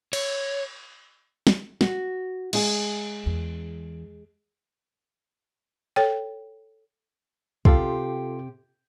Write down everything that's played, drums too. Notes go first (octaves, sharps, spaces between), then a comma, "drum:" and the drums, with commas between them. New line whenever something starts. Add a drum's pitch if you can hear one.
C#5, drum: cymbal
drum: snare
F#4, drum: snare
G#3 G#4, drum: cymbal
E2
A4 C#5 G5
C3 F4 G4 A4 C6, drum: kick